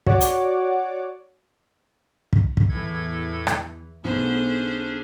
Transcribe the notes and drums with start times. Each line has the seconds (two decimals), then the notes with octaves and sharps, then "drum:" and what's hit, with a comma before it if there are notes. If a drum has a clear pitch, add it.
0.07 F#4 C#5 D5 F#5 D6, drum: kick
0.21 drum: hi-hat
2.33 drum: kick
2.57 drum: kick
2.69 E2 A2 E3 A4 G#6
3.47 drum: rim click
4.04 B1 A3 B3 C#4 D4 G#4 C5